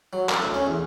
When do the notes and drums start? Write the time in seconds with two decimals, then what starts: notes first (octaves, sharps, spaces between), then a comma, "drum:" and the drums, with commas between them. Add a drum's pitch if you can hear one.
0.13 F#3
0.29 A#4, drum: clap
0.42 D2
0.54 C#4
0.67 E2